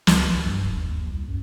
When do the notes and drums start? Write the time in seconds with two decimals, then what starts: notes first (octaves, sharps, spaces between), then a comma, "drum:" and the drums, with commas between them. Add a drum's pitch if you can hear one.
0.07 C#2, drum: snare
0.25 B1
0.45 G2
0.63 F1
0.76 D#2
0.91 D#2
1.07 C2
1.28 F#2